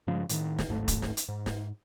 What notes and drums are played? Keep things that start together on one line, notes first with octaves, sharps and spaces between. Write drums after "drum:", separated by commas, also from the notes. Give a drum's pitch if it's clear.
G2 C#3 F3 G#3
A2 D3 D#3, drum: hi-hat
drum: snare
D1 G#1 G#2 A3
drum: kick, hi-hat
drum: snare
drum: hi-hat
G#2
drum: snare